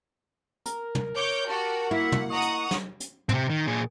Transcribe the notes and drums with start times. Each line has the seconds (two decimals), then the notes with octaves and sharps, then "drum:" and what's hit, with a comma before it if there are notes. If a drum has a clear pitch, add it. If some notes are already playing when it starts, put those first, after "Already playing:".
0.66 A#4, drum: hi-hat
0.95 drum: tom
1.16 C#5 D6 G6
1.48 F#4 G4 A5
1.91 A#3 E4 F#4 E5 F#5
2.12 drum: tom
2.30 D#5 F#5 A#5 C#6 D#6
2.42 drum: hi-hat
2.71 drum: snare
3.00 drum: hi-hat
3.29 C3 C4, drum: tom
3.50 D#3
3.67 A#2 G#4